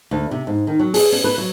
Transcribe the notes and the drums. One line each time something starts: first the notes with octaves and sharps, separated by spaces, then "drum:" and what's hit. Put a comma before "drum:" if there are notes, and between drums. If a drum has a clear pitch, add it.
D2
C3
G#2
D#3
F#3
G#4, drum: open hi-hat
C#4, drum: open hi-hat
B4
F#3